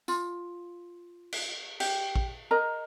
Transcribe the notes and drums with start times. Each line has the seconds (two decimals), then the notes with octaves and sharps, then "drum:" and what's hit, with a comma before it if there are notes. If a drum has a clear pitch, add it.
0.08 F4, drum: tambourine
1.33 drum: cymbal
1.80 G4, drum: cymbal
2.16 drum: kick A1
2.51 A#4 D#5 A#5